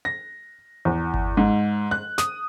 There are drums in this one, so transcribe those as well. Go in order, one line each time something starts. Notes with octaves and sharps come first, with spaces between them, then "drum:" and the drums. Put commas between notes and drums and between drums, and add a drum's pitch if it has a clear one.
A#6
E2
drum: kick G1
G#2
F#6
D#6, drum: snare